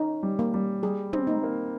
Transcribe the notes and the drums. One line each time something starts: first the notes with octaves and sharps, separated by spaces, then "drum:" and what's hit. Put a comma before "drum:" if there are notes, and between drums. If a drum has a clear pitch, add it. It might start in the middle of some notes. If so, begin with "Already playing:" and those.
Already playing: C#4 D#4
G3
A#3
G3
G3 G#4
C4, drum: tom
D#4
A#3